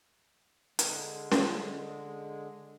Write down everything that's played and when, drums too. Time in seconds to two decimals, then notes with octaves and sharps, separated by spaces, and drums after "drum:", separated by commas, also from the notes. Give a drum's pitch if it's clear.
0.79 D3 G#3, drum: hi-hat
1.32 drum: snare